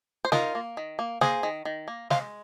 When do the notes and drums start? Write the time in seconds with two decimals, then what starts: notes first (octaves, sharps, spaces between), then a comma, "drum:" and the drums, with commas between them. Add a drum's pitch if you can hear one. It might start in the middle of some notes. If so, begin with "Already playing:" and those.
0.25 C5
0.32 D#4 F4 A#4, drum: snare
0.55 A#3
0.77 D#3
0.99 A#3
1.21 A#3 G#4 C5, drum: snare
1.43 D#3
1.65 D#3
1.88 A#3
2.10 G#3 C5 F5, drum: snare